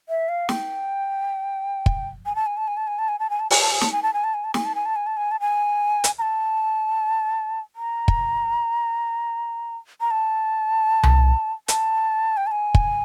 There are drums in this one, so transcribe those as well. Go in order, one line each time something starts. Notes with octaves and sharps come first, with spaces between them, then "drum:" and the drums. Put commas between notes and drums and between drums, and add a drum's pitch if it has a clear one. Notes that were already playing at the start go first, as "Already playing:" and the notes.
E5
F5
G5, drum: snare
drum: kick
G#5
A5
G#5
A5
G#5
A5
G#5
A5
G#5
A5
G#5
A5
G#5, drum: open hi-hat
A5
G#5
A5, drum: snare
G#5
A5
G#5
A5
G#5
A5
G#5, drum: snare
A5
G#5
A5
G#5
A5
G#5
A5
G#5
drum: hi-hat
A#5
A5
A#5
drum: kick
A#5
A5
drum: tom C2
A5, drum: hi-hat
G5
A5
G#5
drum: kick